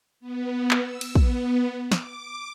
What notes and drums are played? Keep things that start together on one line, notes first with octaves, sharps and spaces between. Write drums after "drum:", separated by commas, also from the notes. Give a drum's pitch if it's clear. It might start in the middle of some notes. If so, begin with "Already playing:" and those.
B3
drum: clap
E6
drum: cymbal
B3, drum: kick
D6, drum: snare